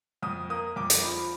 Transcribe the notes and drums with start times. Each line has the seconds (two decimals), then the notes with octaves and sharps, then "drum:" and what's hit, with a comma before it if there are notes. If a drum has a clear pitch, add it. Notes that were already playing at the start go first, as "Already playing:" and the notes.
0.23 F2 D#6
0.50 A#3 D#6
0.76 F2 D6
0.90 drum: hi-hat
1.03 F3 B5